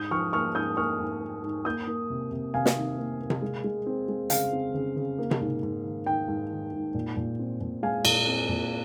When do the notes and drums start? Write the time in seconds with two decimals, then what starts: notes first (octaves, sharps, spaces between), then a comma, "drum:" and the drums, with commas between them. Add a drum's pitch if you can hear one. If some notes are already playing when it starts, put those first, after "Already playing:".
Already playing: G#2 D#6 G6
0.11 F3 C#6 F6
0.33 A#3 C#6 F6
0.55 G#2 D#6 G6
0.77 A#3 C#6 F6
0.99 G#2
1.21 A#3
1.44 G#2
1.65 A#3 D#6 G6
1.87 A#3
2.10 C3
2.31 C3
2.54 C3 F5 G#5
2.66 drum: snare
2.76 D#3
2.98 A#3
3.21 A#3
3.30 drum: tom C3
3.42 G#3
3.64 G#3
3.86 C4
4.08 G#3
4.30 C#3 F5, drum: hi-hat
4.53 C4
4.74 C#3
4.97 C#3
5.18 A#3
5.31 drum: tom C3
5.40 G#2
5.63 G#2
5.85 D#3
6.06 D#3 G5
6.28 G#2
6.50 D#3
6.73 G#2
6.94 A#2
7.17 A#2
7.39 C4
7.61 A#2
7.83 G#3 F5 G#5
8.05 A#2, drum: cymbal
8.27 C4
8.49 A#2